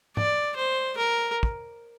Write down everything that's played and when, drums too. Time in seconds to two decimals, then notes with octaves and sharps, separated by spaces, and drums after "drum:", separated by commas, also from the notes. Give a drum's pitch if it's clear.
0.17 D5, drum: tom G#2
0.57 C5
0.98 A#4
1.43 drum: kick